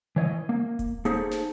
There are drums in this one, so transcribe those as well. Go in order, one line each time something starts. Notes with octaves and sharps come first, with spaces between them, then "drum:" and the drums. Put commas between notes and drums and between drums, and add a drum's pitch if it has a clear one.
E3 C#5 D#5
A#3
drum: kick D#1, hi-hat
A#3 D#4 G#4 A4 C5 C#5, drum: hi-hat
drum: snare